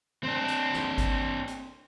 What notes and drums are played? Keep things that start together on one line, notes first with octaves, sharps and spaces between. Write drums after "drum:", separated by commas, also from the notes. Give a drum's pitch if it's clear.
C4 D4
drum: hi-hat
drum: snare
drum: kick G#1, hi-hat
drum: hi-hat